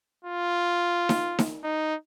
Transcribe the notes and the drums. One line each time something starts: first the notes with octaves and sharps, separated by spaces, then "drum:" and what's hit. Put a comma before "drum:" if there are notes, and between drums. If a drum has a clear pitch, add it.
F4
drum: snare D#4
drum: snare D#4
D#4